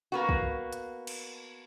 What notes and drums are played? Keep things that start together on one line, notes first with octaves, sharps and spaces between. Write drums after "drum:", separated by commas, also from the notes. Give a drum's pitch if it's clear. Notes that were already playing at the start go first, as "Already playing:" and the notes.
A#3 B3 F#4
drum: kick
drum: hi-hat
drum: cymbal